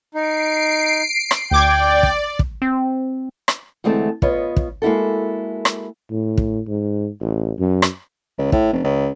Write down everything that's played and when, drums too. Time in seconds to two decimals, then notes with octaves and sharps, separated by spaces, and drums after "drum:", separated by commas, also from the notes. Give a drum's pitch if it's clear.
0.14 D#4 C7 D7
1.31 drum: rim click
1.51 D2 D5 G5 D6 G#6
2.03 drum: kick
2.39 drum: kick
2.62 C4
3.48 drum: rim click
3.84 D2 E3 G#3 A3 C4 A5
4.22 B3 F4 C#5 D#5, drum: kick
4.56 drum: kick
4.82 G#3 A#3 E4 F#4 A4
5.65 drum: rim click
6.11 A2
6.37 drum: kick
6.68 G#2
7.21 A1
7.59 F#2
7.82 drum: rim click
8.38 C#2
8.52 A2, drum: kick
8.73 F1
8.84 C#2